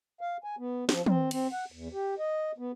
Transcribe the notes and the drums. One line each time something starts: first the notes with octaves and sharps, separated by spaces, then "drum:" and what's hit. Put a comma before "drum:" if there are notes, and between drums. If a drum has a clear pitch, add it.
F5
G#5
B3
F3, drum: snare
C4, drum: tom
C4, drum: cymbal
F#5
E2
G4
D#5
B3